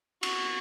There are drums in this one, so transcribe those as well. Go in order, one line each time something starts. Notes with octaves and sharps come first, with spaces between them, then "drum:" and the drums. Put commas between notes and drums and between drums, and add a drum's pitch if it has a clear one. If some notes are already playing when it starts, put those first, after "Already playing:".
F#4, drum: cymbal